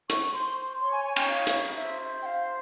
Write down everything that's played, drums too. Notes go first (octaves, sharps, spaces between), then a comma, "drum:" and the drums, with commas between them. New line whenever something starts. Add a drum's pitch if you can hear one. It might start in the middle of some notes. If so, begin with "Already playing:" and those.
C#6, drum: hi-hat
C5 C6
C#5 C6
G#5
G#5
G5, drum: cymbal
F5
drum: hi-hat
C5 E5
G5
F5